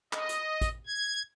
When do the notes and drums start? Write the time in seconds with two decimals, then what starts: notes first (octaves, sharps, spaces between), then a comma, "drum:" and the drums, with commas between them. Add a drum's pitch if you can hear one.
0.13 D#5, drum: clap
0.29 drum: hi-hat
0.61 drum: kick, hi-hat
0.87 G#6